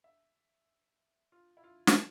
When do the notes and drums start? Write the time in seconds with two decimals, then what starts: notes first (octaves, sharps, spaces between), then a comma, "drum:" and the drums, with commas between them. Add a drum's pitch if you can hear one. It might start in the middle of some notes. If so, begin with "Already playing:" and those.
0.04 E5
1.32 F4
1.57 E4
1.64 F4
1.87 drum: snare